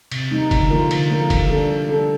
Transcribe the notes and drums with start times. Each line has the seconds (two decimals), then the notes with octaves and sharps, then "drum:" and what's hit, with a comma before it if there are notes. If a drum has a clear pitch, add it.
0.12 C3, drum: cymbal
0.31 G3 A#3 D#4
0.51 D3, drum: kick F1, cymbal
0.70 F3 A#3 F4 A#4
0.91 D3, drum: cymbal
1.10 F3 A#3 F4 A#4
1.30 G3, drum: kick F1, cymbal
1.49 D4 A4
1.69 G3
1.89 D4 A4